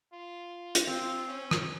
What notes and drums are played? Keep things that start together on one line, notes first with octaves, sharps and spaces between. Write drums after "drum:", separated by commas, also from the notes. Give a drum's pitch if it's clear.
F4
drum: hi-hat
C4
C#4
drum: rim click